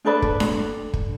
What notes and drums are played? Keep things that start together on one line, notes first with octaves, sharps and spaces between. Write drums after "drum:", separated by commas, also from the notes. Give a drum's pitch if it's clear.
D4 A4 B4 D5
drum: kick
drum: snare D4
drum: kick